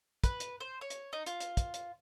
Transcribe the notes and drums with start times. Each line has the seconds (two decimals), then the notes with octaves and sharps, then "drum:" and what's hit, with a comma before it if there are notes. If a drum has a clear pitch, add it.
0.24 B4, drum: kick, hi-hat
0.40 drum: hi-hat
0.60 C5
0.81 C#5
0.90 drum: hi-hat
1.13 D#4
1.26 F4, drum: hi-hat
1.40 drum: hi-hat
1.57 drum: kick, hi-hat
1.74 drum: hi-hat